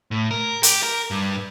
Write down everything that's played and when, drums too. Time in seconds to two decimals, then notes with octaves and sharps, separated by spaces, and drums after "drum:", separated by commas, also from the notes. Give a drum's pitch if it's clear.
0.11 A2
0.31 A#4
0.63 G4, drum: hi-hat
0.83 A#4
1.11 G2